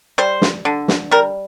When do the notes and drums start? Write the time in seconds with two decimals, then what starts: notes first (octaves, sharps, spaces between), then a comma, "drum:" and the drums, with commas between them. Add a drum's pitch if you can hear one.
0.18 G3 C5
0.42 drum: snare
0.65 D3
0.88 drum: snare
1.11 G3 A#4